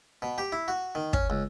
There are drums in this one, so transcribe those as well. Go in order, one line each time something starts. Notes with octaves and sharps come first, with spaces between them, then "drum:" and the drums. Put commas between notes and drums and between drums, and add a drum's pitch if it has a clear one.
B2
G4
E4
F#4
D#3
C#4, drum: kick
C#2